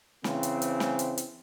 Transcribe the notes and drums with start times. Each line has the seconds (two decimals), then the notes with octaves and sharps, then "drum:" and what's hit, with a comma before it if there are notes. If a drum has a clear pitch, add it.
0.24 C#3 E3 C4, drum: snare
0.43 drum: hi-hat
0.62 drum: hi-hat
0.80 drum: snare
0.99 drum: hi-hat
1.18 drum: hi-hat